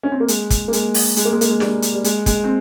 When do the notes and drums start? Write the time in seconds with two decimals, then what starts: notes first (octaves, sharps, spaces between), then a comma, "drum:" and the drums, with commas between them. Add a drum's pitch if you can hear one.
0.03 C#4
0.12 C4
0.20 A#3
0.28 G#3, drum: hi-hat
0.50 drum: kick, hi-hat
0.68 A#3
0.73 G#3, drum: hi-hat
0.94 drum: open hi-hat
1.16 G#3, drum: hi-hat
1.25 A#3
1.33 G#3
1.41 A#3, drum: hi-hat
1.49 G#3
1.60 G3, drum: snare
1.82 drum: hi-hat
1.94 G3
2.04 G#3, drum: hi-hat
2.26 G#3, drum: kick, hi-hat
2.44 C4